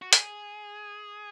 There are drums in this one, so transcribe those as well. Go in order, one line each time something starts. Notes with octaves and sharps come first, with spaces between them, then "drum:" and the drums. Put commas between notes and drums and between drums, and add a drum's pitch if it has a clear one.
F#4
G#4, drum: hi-hat